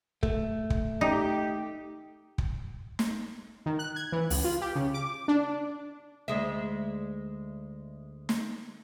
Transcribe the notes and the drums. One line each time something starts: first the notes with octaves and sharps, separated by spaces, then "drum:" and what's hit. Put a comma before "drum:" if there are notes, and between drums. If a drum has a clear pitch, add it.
A3, drum: kick
drum: kick
D#4 G4
drum: kick
drum: snare
D#3
F#6
G#6
E3
C#2, drum: open hi-hat
F4
G4
C#3
D6
D4
D2 G#3 E5
drum: snare